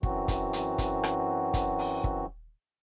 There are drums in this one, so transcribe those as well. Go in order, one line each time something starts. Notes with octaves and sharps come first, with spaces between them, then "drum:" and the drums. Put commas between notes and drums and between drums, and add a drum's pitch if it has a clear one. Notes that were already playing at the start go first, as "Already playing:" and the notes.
F#2 E3 F#3 C4 F#4, drum: kick
drum: kick, hi-hat
drum: hi-hat
drum: kick, hi-hat
drum: rim click
drum: kick, hi-hat
drum: open hi-hat
drum: kick